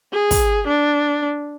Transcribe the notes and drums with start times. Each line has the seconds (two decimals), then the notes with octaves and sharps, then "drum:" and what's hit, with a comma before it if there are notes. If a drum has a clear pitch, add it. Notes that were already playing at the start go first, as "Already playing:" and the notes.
0.13 G#4
0.31 drum: kick, open hi-hat
0.67 D4